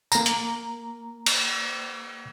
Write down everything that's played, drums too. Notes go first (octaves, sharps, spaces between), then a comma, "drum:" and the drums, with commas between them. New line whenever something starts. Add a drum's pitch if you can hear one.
A#3 A#5, drum: tambourine
drum: hi-hat
drum: cymbal